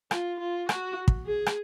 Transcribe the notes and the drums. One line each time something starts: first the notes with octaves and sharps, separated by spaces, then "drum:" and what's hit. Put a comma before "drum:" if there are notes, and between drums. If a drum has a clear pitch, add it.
F4, drum: rim click
F4
F#4, drum: rim click
drum: kick
G#4
drum: rim click